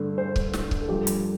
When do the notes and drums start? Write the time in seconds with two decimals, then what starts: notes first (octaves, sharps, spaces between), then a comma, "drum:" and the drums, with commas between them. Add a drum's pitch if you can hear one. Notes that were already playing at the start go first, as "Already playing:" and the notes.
Already playing: G2 D3 A3
0.18 C5
0.36 drum: kick C#1
0.53 drum: snare
0.71 drum: kick C#1
0.81 A4
0.88 G2 F3 A3 G4
1.07 drum: hi-hat